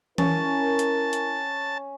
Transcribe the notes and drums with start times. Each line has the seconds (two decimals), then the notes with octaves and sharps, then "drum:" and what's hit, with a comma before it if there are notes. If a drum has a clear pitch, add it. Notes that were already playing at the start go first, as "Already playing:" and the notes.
0.18 C#4 E4 A#4 A5, drum: tom E3
0.79 drum: hi-hat
1.13 drum: hi-hat